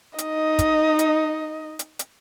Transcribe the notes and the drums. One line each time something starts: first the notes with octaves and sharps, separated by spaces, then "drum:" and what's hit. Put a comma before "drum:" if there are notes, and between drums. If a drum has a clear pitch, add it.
D#4 D#5, drum: hi-hat
drum: kick, hi-hat
drum: hi-hat
drum: hi-hat
drum: hi-hat